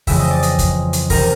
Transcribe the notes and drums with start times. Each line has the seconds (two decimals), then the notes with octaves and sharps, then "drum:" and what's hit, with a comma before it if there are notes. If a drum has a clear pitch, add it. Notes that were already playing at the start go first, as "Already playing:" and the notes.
0.07 F2 C#3 E3 G#3 E5, drum: kick, open hi-hat
0.19 D#5
0.31 D5
0.43 D#5, drum: hi-hat
0.59 drum: kick, hi-hat
0.93 drum: hi-hat
1.10 E2 C3 E3 G3 A#4, drum: kick, open hi-hat